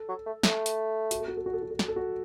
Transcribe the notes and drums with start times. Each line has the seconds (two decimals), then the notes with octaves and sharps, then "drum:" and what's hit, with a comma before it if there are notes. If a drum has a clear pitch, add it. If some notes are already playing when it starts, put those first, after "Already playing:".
Already playing: A4
0.09 F#3
0.26 A3
0.43 A3, drum: snare
0.66 drum: hi-hat
1.11 F#4, drum: hi-hat
1.20 A4
1.28 F#4
1.37 A4
1.46 F#4
1.53 A4
1.63 F#4
1.71 A4
1.79 F#4, drum: snare
1.88 A4
1.96 F#4